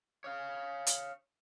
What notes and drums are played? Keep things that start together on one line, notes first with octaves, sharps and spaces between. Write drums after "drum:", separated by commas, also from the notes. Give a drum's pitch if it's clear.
C#5 F5
drum: hi-hat